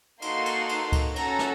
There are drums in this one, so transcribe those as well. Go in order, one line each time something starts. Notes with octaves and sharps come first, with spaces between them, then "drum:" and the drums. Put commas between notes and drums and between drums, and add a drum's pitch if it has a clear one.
A#3 D#4 F#4 A4 C6, drum: cymbal
drum: cymbal
drum: cymbal
drum: kick C#2, cymbal
C#4 F#4 A4 A#5, drum: cymbal
drum: snare